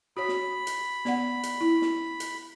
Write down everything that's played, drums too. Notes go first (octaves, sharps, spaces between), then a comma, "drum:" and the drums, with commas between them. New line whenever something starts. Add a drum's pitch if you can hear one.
F#4 C#5 B5
drum: snare
drum: hi-hat
B3 D5 F#5, drum: snare
drum: hi-hat
E4
drum: snare
drum: hi-hat